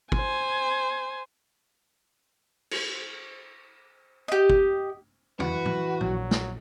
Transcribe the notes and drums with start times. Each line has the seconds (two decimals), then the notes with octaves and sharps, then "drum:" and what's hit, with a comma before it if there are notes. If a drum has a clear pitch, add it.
0.12 C5 G#5, drum: kick
2.71 drum: cymbal
4.28 G4 D#5
4.50 drum: kick
5.40 E3 F#4 B4, drum: tom E2
5.65 drum: tom
6.01 A#1 F#3, drum: tom
6.31 drum: snare